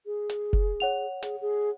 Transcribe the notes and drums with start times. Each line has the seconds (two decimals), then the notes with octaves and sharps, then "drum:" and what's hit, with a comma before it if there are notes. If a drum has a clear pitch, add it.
0.06 G#4
0.29 drum: hi-hat
0.53 drum: kick F1
0.80 C#5 F#5 F7
1.23 G#4, drum: hi-hat
1.41 G#4